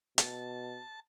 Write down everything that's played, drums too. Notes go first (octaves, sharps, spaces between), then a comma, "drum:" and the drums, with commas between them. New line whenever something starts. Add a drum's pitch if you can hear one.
B2 A5, drum: hi-hat